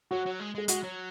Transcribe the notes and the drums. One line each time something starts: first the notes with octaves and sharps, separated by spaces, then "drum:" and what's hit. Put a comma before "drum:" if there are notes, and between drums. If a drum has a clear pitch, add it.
F#3 F#4
F#3
G#3
G#3 G#4
G#3 F#4, drum: hi-hat
F#3